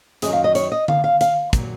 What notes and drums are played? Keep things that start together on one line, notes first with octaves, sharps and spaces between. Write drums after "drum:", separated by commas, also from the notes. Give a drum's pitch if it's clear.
F#2 D#3 F#3 G#4, drum: hi-hat
F5
D#5
C#5, drum: hi-hat
D#5
F5, drum: tom D3
F5
F5, drum: hi-hat
A#2 F#3, drum: kick, hi-hat